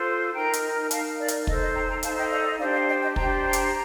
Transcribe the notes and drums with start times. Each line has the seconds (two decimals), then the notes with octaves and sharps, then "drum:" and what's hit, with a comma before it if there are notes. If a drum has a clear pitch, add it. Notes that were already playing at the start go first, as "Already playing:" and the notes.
Already playing: F4 A4 C5
0.34 D#4 A#4 G5 A#5
0.53 drum: hi-hat
0.91 D#4 A#4 F5 A5, drum: hi-hat
1.19 D5 F5
1.28 drum: hi-hat
1.47 D#4 A4 C5 D#5, drum: kick
1.60 D#5
1.75 G5 A#5
1.89 G5 A#5
2.03 D#4 A4 C5 F5 A5, drum: hi-hat
2.17 D#5 G5
2.31 D5 F5
2.45 D#5
2.59 D4 G4 C5 D5 F5
2.73 D5 F5
2.88 D#5 G5
3.01 D#5 G5
3.16 D4 G4 C5 G5 A#5, drum: kick
3.44 G5 A#5
3.53 drum: hi-hat